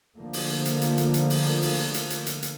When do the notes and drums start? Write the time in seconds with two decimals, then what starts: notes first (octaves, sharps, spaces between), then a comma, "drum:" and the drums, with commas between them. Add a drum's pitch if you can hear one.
0.17 D3 F3 A3 A#3
0.33 drum: open hi-hat
0.65 drum: hi-hat
0.82 drum: hi-hat
0.98 drum: hi-hat
1.14 drum: hi-hat
1.30 drum: open hi-hat
1.62 drum: open hi-hat
1.94 drum: hi-hat
2.10 drum: hi-hat
2.26 drum: hi-hat
2.43 drum: hi-hat